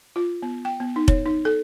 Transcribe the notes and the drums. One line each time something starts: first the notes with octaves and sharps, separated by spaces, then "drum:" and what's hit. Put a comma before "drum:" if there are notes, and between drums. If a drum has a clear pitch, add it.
F4
B3
G5
B3
D#4
C#5, drum: kick F1
D#4
A4